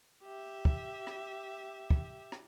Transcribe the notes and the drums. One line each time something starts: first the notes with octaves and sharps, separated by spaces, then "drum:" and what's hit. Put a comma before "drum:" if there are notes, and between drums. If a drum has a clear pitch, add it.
G4 E5
drum: kick
drum: rim click
drum: kick
drum: rim click